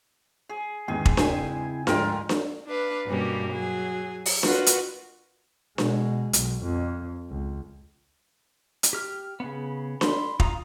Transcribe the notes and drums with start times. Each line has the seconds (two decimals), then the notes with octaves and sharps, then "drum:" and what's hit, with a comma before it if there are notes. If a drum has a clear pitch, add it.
0.49 G#4
0.88 E2 G#2 D#3 C#4 G#4 G5
1.05 drum: kick
1.17 C#3 C4 E4 G5 G#5, drum: snare D4
1.87 D2 G#2 F3 F4 A#4 G5, drum: snare D4
2.29 drum: snare D4
2.66 D4 B4 F5
3.05 G2 B2 G3 A#3 C#4
3.52 F#3 G#4
4.26 drum: open hi-hat
4.43 F4 F#4 A#4 B4 F#5, drum: snare D4
4.66 drum: hi-hat
5.78 B2 G#3, drum: snare D4
6.33 B1, drum: hi-hat
6.64 F2
7.29 C#2
8.83 drum: hi-hat
8.93 G4 F6
9.40 C#3 B3
10.01 B5 C6, drum: snare D4
10.40 F4 F5 A#5 D#6, drum: kick